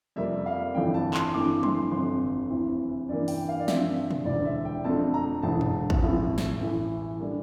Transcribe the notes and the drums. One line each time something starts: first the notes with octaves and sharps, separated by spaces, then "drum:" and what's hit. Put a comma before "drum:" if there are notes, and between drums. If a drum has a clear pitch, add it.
F2 C3 G3 A#3 E5
F5
G1 F2 E3 A3 G5
A5
C6, drum: clap
G2 E3 A3 C4 D6
C6, drum: tom
G1 F2 C3 C6
F1 E2 C3 E3
G2 E3 A#3 D5
G5, drum: open hi-hat
F5
D5
G2 F3 C4 E5, drum: snare
drum: tom
E1 D2 D3 D5
E5
G5
F2 D3 A3 C4 A5
A#5
E1 E2 D3 A5
drum: tom
drum: kick
A1 A2 F3 C4
drum: snare
A1 A2 E3
D3 G3 A#3